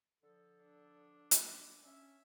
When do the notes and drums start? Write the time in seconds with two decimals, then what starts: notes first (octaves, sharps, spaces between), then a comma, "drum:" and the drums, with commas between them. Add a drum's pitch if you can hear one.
0.23 D3 F3 A4
0.62 D4
1.31 drum: hi-hat
1.85 C#4 E5